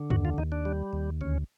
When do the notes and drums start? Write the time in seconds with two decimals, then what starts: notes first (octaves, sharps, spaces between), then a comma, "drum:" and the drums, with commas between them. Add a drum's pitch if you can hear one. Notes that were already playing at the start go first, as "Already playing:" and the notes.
Already playing: D3
0.10 D#2 F#4, drum: tom F#2
0.25 F4
0.38 D#2 D#4
0.52 D4
0.65 G3
0.93 D#2
1.21 D2 C#4